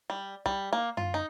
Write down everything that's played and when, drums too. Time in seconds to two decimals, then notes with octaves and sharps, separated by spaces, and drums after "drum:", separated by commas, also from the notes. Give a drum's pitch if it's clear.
0.10 G3
0.46 G3, drum: kick
0.73 A#3
0.97 F4, drum: tom F#2
1.14 D#4